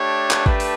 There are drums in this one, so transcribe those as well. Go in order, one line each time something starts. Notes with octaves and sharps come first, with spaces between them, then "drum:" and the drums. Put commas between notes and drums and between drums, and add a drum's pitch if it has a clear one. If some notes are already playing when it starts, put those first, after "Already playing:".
Already playing: A3 D4 G4 C#5
drum: clap
B4, drum: kick G#1
drum: open hi-hat